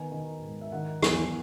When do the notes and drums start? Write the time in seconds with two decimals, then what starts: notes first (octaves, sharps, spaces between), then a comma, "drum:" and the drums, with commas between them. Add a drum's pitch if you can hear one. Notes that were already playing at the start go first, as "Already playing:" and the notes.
Already playing: D#3 B3 G#5
0.12 D#3
0.42 G#2
0.61 E5
0.72 D#3 F#5
1.03 E2, drum: rim click